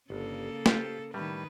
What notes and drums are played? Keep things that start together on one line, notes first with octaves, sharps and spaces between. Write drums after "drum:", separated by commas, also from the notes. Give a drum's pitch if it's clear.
G1 C#3 A#3 A4
F4 G4 C5, drum: snare
A2 D#3 G3 B4